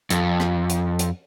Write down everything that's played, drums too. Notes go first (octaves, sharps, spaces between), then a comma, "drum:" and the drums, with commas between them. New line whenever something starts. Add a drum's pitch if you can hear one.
F2, drum: hi-hat
drum: rim click
drum: hi-hat
drum: hi-hat